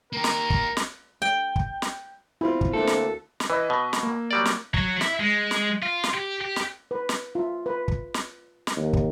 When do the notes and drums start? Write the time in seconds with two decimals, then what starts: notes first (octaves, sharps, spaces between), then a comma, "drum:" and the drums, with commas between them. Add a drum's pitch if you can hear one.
0.13 A#3 G4 A#4
0.24 drum: snare
0.50 drum: kick
0.77 drum: snare
1.22 G5
1.56 drum: kick
1.82 drum: snare
2.41 B2 C4 E4 F4
2.61 drum: kick
2.73 D2 A3 A#3 C4 D4 A4
2.87 drum: snare
3.40 drum: snare
3.50 E3 B4 D#5 E6
3.70 B2
3.93 drum: snare
4.03 A#3
4.31 F#3 G3 D5
4.45 drum: snare
4.74 F#3, drum: kick
5.01 E4, drum: snare
5.20 G#3
5.51 drum: snare
5.83 F4
6.04 drum: snare
6.14 G4
6.41 G4
6.56 drum: snare
6.91 B4
7.09 drum: snare
7.35 F4 E5
7.66 B4
7.88 drum: kick
8.14 drum: snare
8.67 drum: snare
8.76 D#2
8.93 drum: kick